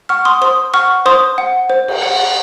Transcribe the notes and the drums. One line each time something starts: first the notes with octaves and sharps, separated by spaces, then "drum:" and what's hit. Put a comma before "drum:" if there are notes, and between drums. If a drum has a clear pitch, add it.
F#5 C#6 F6
C6 D#6
C5 C6 D#6
F#5 C#6 F6
C5 C6 D#6
F#5
C5
drum: cymbal
F#5